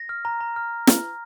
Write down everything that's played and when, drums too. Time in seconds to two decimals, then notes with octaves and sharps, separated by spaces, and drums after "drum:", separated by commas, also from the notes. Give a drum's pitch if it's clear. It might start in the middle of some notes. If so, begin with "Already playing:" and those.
Already playing: A#6
0.09 F6
0.25 A#5
0.41 A#5
0.56 F6
0.87 drum: snare